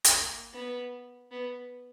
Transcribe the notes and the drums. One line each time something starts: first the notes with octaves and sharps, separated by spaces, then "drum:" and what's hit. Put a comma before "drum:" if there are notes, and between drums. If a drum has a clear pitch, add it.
drum: hi-hat
A#3
B3
B3